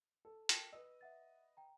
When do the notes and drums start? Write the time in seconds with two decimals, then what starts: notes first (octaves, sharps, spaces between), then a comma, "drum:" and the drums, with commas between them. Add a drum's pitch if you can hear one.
0.25 A4
0.49 A#4 G5 A5, drum: hi-hat
0.72 B4 D#5 E6
1.01 E5 F#5 A6
1.57 G5 A#5